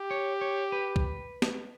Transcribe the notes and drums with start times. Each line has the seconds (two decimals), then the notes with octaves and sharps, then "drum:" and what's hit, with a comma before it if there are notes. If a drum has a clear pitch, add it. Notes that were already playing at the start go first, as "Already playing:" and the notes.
Already playing: G4
0.11 C#5
0.41 C#5
0.72 B4
0.96 drum: kick
1.42 drum: snare